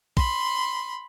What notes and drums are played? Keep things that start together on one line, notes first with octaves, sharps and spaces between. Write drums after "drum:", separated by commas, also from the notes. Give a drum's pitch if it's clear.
B5 C6, drum: kick